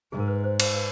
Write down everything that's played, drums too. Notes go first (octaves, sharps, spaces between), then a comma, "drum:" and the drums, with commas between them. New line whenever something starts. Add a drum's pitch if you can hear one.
G#2 G#4
A#4
B4
C5
C5, drum: cymbal
B4